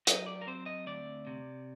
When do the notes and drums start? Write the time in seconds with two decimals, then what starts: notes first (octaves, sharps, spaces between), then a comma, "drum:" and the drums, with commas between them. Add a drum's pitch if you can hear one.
0.07 F#3 D#5, drum: hi-hat
0.26 D5
0.42 A#4
0.47 C4 C5
0.66 D#5
0.87 D2 D5
1.27 C3